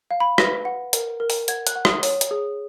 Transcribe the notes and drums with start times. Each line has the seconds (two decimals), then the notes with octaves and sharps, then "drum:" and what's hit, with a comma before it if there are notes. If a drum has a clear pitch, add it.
0.11 F5
0.20 B5
0.38 B4 A#6, drum: rim click
0.65 F#5
0.93 A#4, drum: hi-hat
1.20 A#4
1.30 drum: open hi-hat
1.48 F#5 G#6, drum: hi-hat
1.67 F#6, drum: hi-hat
1.75 F#5
1.85 D#6, drum: rim click
2.03 C#5, drum: open hi-hat
2.21 drum: hi-hat
2.31 G#4